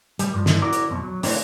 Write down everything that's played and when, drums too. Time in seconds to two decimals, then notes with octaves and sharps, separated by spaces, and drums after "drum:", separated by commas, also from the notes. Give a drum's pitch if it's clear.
0.19 G3, drum: hi-hat
0.34 G2 F3
0.46 drum: snare
0.62 E4 F#4 A#4 D5
0.73 drum: hi-hat
0.90 B1 F2 B2
1.03 F#3
1.23 E3 A3 A#3 C4 D4 D#4, drum: open hi-hat